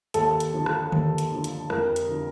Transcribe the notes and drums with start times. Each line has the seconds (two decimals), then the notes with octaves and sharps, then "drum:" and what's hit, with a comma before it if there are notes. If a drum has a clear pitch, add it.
0.14 D#2 A4, drum: hi-hat
0.40 drum: hi-hat
0.53 D3 F3
0.66 drum: rim click
0.92 D#2, drum: tom D3
1.18 drum: hi-hat
1.31 D3 F3
1.44 drum: hi-hat
1.70 F2 A#4, drum: rim click
1.96 drum: hi-hat
2.09 D3 F3